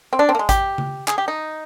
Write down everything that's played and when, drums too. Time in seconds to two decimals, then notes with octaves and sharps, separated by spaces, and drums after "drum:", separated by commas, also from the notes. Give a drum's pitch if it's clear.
0.13 C4
0.19 D4
0.29 C4
0.35 A#3
0.39 G#3
0.49 G4, drum: kick, hi-hat
0.78 drum: tom C#3
1.08 G#4, drum: clap
1.18 G4
1.28 D#4